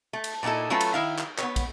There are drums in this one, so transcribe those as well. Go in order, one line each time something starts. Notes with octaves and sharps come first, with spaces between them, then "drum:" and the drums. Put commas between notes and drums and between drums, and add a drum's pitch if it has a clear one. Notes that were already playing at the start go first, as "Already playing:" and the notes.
A3
drum: cymbal
A#2 B3 D#4 E4 A4
F#3 A3 C#4 F4 A4 B4
drum: cymbal
D#3 E4 F5
drum: clap
B3 C#5, drum: clap
drum: kick, cymbal